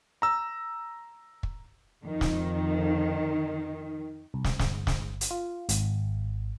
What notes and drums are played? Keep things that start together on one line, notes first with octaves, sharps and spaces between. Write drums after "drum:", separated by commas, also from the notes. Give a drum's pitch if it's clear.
A#5 E6
drum: kick
F2 D#3
drum: snare
C2
drum: snare
G1, drum: snare
drum: snare
drum: hi-hat
F4
G#1, drum: hi-hat